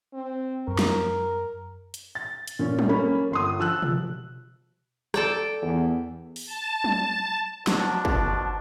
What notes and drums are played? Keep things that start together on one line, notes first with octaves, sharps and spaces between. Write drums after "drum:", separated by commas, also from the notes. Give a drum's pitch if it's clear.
C4
F#2 A#4
drum: snare
drum: hi-hat
A6
drum: hi-hat
A#2 C#4
drum: tom F#3
A#3 C#4 B5
G1 C6 D#6
F3 E6 F#6
drum: tom B2
A4 D5 G5, drum: rim click
E2
drum: open hi-hat
A5
drum: tom F#3
B2 D#3 F3 D4 F#4, drum: snare
drum: kick